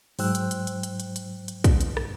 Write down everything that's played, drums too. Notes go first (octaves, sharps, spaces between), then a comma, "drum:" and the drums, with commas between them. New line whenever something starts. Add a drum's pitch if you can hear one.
G#2 F#3 C5 G5 E6 F#6, drum: open hi-hat
drum: hi-hat
drum: hi-hat
drum: hi-hat
drum: hi-hat
drum: hi-hat
drum: hi-hat
drum: hi-hat
drum: kick, hi-hat
drum: hi-hat
drum: rim click